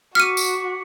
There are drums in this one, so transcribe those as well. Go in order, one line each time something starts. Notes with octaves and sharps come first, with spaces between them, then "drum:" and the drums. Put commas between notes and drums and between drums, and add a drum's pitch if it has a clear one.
F#4 D6 F6 B6 C#7 D#7
drum: tambourine